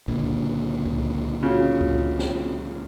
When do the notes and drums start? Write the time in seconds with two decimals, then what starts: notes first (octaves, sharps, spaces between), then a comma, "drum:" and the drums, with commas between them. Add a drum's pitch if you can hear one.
0.08 C#2 A#2 D3
0.85 drum: kick C#2
1.43 C#3 F4 F#4
1.81 drum: kick C#2
2.19 drum: snare